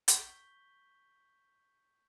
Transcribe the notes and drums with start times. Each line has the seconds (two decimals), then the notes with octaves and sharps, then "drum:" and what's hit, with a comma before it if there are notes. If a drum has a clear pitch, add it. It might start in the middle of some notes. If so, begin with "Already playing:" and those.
0.08 C#6 G6 B6 G7, drum: hi-hat